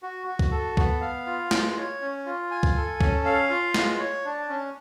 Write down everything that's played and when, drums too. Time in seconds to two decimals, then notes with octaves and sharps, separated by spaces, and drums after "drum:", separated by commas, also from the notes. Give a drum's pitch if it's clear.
0.03 F#4
0.27 F#4
0.39 drum: kick C2
0.51 A4
0.77 B3, drum: kick C2
1.01 F5
1.26 F4
1.51 G#3, drum: snare
1.77 C#5
2.01 C#4
2.26 F4
2.51 G#5
2.63 drum: kick C2
2.76 A4
3.01 C#4, drum: kick C2
3.25 F5
3.50 F4
3.74 G#3, drum: snare
3.99 C#5
4.25 D4
4.49 C#4